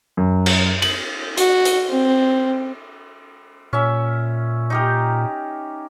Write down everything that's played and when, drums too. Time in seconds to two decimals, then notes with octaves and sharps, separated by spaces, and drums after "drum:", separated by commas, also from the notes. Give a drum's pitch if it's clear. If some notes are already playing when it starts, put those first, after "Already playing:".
0.17 F#2
0.46 drum: cymbal
0.82 F#7, drum: cymbal
1.37 F#4, drum: hi-hat
1.65 drum: hi-hat
1.89 C4
3.73 A#2 C#4 E5
4.70 D#4 G4 A#4